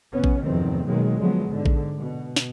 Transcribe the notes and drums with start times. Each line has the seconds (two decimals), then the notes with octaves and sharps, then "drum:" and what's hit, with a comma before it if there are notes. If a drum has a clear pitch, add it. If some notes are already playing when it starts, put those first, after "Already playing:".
0.12 F1 B3 C#4
0.24 drum: kick A#1
0.42 F1 E2 G2 D#3 C4
0.86 B2 D#3 F#3 G#3 A#3
1.18 D3 F3 F#3 G#3 B3
1.48 G#2 D3
1.66 drum: kick A#1
1.97 B2
2.36 drum: snare